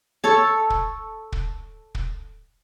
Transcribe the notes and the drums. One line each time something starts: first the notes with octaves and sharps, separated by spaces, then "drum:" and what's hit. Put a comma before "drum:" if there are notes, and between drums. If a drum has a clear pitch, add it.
A4 C#5 A5
drum: kick
drum: kick
drum: kick